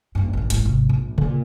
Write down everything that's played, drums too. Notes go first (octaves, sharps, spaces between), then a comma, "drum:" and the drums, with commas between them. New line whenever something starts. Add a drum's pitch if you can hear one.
F#1 G2
A1 D#3
G#1 E4, drum: hi-hat
G#1 C3
A#1
A#2, drum: tom C3